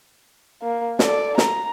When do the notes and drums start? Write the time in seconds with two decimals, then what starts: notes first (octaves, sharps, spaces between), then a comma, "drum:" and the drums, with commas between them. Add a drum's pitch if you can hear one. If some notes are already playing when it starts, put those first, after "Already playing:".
0.62 A#3
0.99 A4 D5, drum: snare
1.38 A#5, drum: snare